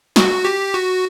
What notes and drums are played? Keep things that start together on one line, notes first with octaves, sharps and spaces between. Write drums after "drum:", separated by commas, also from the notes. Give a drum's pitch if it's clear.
F#4, drum: snare
G4
F#4